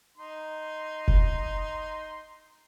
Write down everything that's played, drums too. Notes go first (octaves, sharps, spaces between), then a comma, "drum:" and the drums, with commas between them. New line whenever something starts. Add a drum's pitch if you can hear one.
D#4 C6
drum: kick F1